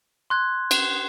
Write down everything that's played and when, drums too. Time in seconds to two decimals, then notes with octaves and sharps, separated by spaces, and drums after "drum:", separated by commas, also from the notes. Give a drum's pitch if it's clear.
0.30 C6 F#6 G#6
0.71 drum: cymbal